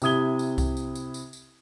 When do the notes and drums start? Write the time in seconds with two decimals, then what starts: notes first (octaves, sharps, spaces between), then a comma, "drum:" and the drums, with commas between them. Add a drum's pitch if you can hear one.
0.02 C3 E4 D#6 G#6 G7, drum: tambourine
0.39 drum: tambourine
0.58 drum: kick C2, tambourine
0.77 drum: tambourine
0.95 drum: tambourine
1.14 drum: tambourine
1.33 drum: tambourine